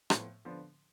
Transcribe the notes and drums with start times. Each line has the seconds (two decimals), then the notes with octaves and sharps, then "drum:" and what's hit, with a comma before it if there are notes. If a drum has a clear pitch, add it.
0.10 A2 F3 B3, drum: rim click
0.45 D3 F3 B3